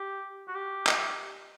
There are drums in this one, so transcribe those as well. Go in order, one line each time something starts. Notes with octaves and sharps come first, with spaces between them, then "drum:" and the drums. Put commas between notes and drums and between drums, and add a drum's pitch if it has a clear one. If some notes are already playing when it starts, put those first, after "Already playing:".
Already playing: G4
F#4
G4
drum: clap